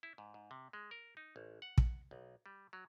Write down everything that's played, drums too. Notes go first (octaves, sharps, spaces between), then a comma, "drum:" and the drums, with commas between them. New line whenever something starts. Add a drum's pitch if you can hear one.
E4
G#2
G#2
C3
G#3
A#4
D#4
A1
F#5
drum: kick
B1
G3
F#3